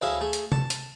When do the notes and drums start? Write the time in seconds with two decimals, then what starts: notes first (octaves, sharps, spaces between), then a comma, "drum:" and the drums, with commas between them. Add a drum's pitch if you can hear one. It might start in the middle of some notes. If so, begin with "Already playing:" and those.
0.01 D2 A2 E4 G#4 E5 F5
0.20 A3 G#4
0.33 drum: hi-hat
0.52 A5, drum: tom C3
0.70 drum: hi-hat